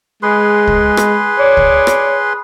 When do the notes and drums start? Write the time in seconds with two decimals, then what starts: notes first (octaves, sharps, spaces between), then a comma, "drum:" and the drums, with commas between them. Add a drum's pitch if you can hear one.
0.23 G#3 G#4 B4 C6
0.67 drum: kick
0.97 drum: rim click
1.39 C#5 D5
1.57 drum: kick
1.87 drum: rim click